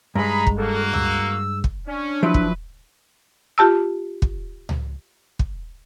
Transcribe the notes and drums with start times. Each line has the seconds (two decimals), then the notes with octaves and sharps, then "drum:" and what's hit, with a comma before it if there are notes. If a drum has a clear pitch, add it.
0.15 G2 G#3 D#4 G#4 A#5 B5
0.47 drum: kick
0.58 A#3 F#4 A4
0.94 E6, drum: tom C#2
1.64 drum: kick
1.87 C#4 D4
2.23 F3 F#3 E4 B4
2.34 drum: kick
3.58 F4 G4 A5 E6
4.22 drum: kick
4.69 drum: tom C#2
5.39 drum: kick